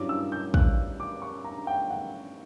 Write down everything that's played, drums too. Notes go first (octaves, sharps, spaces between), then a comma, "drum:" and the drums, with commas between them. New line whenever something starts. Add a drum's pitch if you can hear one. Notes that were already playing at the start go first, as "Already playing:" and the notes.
Already playing: G2 F#3 C#4 E4 D6
E6
G6
F#6, drum: kick
D6
C#6
A#5
G5
F#5